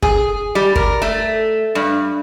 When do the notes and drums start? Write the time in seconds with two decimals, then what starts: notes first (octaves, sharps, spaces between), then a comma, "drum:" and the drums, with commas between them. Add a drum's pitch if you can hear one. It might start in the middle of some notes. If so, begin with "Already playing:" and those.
0.03 G#4, drum: kick
0.55 G3
0.76 A#4, drum: kick
1.02 A3
1.75 G2